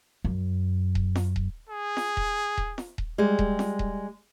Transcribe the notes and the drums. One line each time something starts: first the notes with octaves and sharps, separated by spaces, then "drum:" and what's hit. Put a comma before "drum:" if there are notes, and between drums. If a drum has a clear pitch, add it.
F#2
drum: kick D#1
drum: snare F4
drum: kick D#1
G#4
drum: snare F4
drum: kick D#1
drum: kick D#1
drum: snare F4
drum: kick D#1
G3 G#3
drum: kick D#1
drum: snare F4
drum: kick D#1